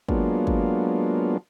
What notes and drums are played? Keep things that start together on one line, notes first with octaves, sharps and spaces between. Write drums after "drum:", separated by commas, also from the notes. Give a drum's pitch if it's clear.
F#3 G#3 A#3 B3 D4 F4, drum: kick
drum: kick